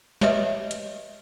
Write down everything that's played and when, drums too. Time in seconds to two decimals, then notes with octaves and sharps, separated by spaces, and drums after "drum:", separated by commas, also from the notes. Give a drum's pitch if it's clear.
0.21 G4 B4 C#5 D#5 E5 D#6, drum: snare
0.71 drum: hi-hat